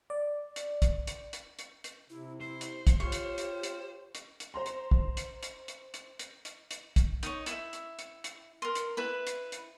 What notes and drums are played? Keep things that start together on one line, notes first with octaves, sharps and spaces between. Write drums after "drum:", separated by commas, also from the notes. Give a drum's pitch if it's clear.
D5
drum: hi-hat
drum: kick, hi-hat
drum: hi-hat
drum: hi-hat
drum: hi-hat
drum: hi-hat
C3 E4
E4 C5
drum: hi-hat
drum: kick, hi-hat
F4 G4 C#5
drum: hi-hat
drum: hi-hat
drum: hi-hat
drum: hi-hat
drum: hi-hat
C5 A#5 C6
drum: hi-hat
drum: kick
drum: hi-hat
drum: hi-hat
drum: hi-hat
drum: hi-hat
drum: hi-hat
drum: hi-hat
drum: hi-hat
drum: kick, hi-hat
D#4 C#5, drum: hi-hat
E4 E5, drum: hi-hat
drum: hi-hat
drum: hi-hat
drum: hi-hat
A#4 C6
drum: hi-hat
E4 B4 B5
drum: hi-hat
drum: hi-hat